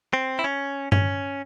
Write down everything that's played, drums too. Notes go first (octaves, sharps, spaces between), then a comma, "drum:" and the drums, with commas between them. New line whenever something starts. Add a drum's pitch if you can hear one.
C4
E4
C#4
C#4, drum: tom G2